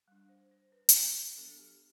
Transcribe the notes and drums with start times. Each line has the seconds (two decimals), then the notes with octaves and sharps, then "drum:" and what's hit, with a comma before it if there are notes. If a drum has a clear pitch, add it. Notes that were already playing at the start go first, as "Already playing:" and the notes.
0.08 G3 D4
0.29 C5
0.51 C5
0.72 B4
0.89 drum: hi-hat
1.37 F#3 B3 D4 A4
1.59 G4